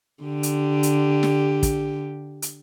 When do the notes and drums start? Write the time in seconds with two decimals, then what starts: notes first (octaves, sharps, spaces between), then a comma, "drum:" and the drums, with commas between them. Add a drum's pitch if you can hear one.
0.23 D3 G4
0.43 drum: hi-hat
0.83 drum: hi-hat
1.23 drum: snare
1.63 drum: kick, hi-hat
2.42 drum: hi-hat